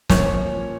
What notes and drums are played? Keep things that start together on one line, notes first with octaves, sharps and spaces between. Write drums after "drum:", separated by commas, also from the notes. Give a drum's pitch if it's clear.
F3 A#3 C#4 C#5, drum: snare